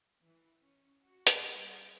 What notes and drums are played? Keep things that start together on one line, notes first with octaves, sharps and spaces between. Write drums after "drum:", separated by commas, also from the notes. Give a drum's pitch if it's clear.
E3
C#4
F#4
drum: hi-hat
G3